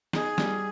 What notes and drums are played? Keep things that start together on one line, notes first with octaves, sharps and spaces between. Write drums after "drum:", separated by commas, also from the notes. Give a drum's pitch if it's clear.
D#4 G#4, drum: snare
G3, drum: snare